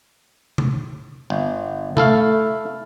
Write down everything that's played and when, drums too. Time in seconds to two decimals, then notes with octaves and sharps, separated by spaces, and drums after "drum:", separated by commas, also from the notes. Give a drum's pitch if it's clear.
0.58 drum: tom C3
1.30 G1
1.97 A3 E4 A4 F5, drum: tom C3